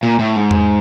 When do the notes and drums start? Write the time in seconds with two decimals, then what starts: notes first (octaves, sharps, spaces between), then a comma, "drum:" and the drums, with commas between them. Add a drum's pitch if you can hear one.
0.03 A#2
0.19 A2
0.36 G#2
0.51 drum: tom E2